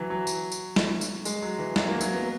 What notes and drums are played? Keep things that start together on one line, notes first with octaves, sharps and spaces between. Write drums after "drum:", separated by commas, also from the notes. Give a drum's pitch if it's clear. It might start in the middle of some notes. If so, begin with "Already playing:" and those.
Already playing: E3 F#3
F#3
drum: tambourine
drum: tambourine
drum: snare
drum: tambourine
G#3, drum: tambourine
F#3
E3
F#3, drum: snare
A#3
F#3, drum: tambourine
B3